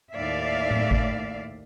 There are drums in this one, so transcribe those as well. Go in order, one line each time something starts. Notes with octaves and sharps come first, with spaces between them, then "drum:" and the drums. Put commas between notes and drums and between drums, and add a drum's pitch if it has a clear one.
D#2 A2 D5 E5 F5
drum: tom A2
drum: kick G#1